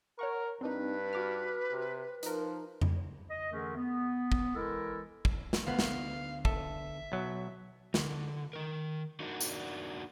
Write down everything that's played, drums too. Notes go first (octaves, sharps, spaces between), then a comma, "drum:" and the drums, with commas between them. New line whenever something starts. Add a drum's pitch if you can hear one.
A#4 C#5 F#5 C#6
G2 C4 D4 D#4 B4
F#4 D6 F6
C3
F3 D#4 A#4, drum: hi-hat
drum: tom F2
D#5
D3 E3 A3 C#4 G#4 A#4
B3
drum: kick
E3 G#3 E4 A4 A#4
drum: kick
drum: snare
D2 B3 F5
drum: snare
A4 E5, drum: kick
B1 F#3
D3, drum: snare
D#3 A#4
D4 D#4 F#4 A#4 D5 F#5
drum: tambourine